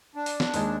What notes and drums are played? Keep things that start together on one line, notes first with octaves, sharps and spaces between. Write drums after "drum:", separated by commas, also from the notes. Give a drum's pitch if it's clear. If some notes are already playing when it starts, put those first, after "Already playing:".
D4
drum: open hi-hat
drum: snare
D#2 G#3, drum: open hi-hat